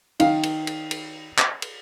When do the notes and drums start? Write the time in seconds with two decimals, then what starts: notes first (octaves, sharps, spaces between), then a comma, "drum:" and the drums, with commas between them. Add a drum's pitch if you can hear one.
0.20 D#3 F5, drum: cymbal
0.43 drum: cymbal
0.67 drum: cymbal
0.91 drum: cymbal
1.38 drum: clap
1.62 drum: cymbal